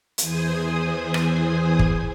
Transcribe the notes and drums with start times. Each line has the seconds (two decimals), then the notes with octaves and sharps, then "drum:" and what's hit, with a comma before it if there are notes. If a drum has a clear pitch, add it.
0.18 E2 E3 G#4 C5 G#5 D#6, drum: hi-hat
1.14 drum: rim click
1.79 drum: kick